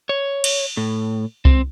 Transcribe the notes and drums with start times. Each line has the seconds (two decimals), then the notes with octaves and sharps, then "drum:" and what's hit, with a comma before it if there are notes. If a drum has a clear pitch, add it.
0.09 C#5
0.44 drum: cymbal
0.77 A2
1.45 C4, drum: kick C2